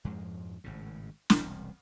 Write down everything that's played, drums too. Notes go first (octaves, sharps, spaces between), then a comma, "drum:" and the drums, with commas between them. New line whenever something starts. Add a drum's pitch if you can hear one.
F2 G#2 F3 G#3
G#1 A2 C#3
E1 C2, drum: snare